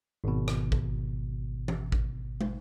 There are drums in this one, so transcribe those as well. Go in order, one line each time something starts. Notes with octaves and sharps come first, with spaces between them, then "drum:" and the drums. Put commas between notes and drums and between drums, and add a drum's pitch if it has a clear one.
G#1 B2
drum: rim click
drum: kick A1
drum: tom E3
drum: kick A1
drum: tom